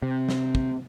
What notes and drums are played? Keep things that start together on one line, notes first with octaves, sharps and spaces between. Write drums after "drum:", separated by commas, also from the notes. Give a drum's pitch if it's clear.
C3
drum: snare
drum: kick